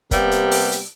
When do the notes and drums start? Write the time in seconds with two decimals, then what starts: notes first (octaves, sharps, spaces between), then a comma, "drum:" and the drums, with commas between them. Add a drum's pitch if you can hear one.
0.11 C3 G3 A#3 B3, drum: kick, hi-hat
0.31 drum: hi-hat
0.52 drum: open hi-hat
0.72 drum: hi-hat